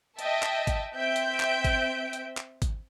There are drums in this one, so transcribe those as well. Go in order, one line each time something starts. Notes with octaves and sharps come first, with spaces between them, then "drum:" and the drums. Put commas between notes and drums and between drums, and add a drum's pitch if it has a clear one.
D#5 E5 G5 A5, drum: hi-hat
drum: clap
drum: kick G#1, hi-hat
C4 E5 G5 G6 D7
drum: hi-hat
drum: clap
drum: kick G#1, hi-hat
drum: hi-hat
drum: clap
drum: kick G#1, hi-hat